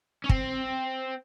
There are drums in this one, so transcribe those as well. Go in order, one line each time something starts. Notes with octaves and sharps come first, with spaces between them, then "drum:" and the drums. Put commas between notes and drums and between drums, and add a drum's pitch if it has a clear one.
C#4
C4, drum: kick